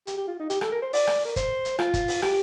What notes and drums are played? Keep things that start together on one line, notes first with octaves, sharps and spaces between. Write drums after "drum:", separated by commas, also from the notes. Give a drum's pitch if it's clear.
G4, drum: hi-hat
G4
F4
D#4
G4, drum: hi-hat
A4, drum: rim click
A#4
C5
D5, drum: open hi-hat
drum: rim click
A#4
C5, drum: kick, hi-hat
drum: hi-hat
F4, drum: rim click
drum: kick, hi-hat
drum: open hi-hat
G4, drum: rim click